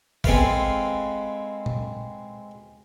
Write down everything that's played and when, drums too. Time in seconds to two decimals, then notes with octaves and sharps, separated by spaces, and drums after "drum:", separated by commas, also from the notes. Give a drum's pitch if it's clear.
0.24 G#3 C4 A4 B4 F5, drum: kick
1.66 drum: tom A#2